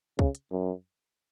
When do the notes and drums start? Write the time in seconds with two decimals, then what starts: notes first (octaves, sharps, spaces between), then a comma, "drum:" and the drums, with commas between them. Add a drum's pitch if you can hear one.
0.19 C#3, drum: kick
0.35 drum: hi-hat
0.52 F#2